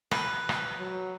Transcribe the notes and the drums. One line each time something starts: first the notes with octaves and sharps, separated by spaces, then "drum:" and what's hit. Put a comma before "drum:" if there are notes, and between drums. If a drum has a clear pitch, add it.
B4, drum: rim click
drum: rim click
F#3